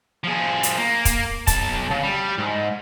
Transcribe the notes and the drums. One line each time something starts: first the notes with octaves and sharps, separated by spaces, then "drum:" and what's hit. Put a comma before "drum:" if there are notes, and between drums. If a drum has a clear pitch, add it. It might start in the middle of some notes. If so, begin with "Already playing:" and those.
F3 G#4
drum: hi-hat
A#3
drum: kick, hi-hat
B1 A5, drum: kick, hi-hat
C#3
G3
G#2